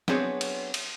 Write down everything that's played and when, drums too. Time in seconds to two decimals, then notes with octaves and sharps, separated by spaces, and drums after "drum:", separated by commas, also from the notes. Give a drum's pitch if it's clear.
0.08 F#3 B3 C4 D4 G#4 C#5, drum: snare
0.41 drum: cymbal
0.74 drum: cymbal